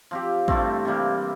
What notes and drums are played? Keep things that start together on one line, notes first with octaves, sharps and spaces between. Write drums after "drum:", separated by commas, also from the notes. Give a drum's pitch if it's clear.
F3 C4 G4
G2 E3 A3 C4, drum: kick
C3 E3 G3 A#3